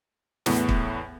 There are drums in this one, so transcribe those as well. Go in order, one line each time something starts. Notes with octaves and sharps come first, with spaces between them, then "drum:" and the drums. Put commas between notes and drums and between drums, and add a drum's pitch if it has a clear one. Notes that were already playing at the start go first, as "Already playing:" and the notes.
E2 A2 B3, drum: snare
drum: kick